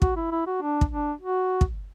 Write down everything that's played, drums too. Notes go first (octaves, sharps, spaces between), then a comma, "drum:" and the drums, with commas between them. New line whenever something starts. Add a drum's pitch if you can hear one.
F#4, drum: kick
E4
E4
F#4
D4
drum: kick
D4
F#4
drum: kick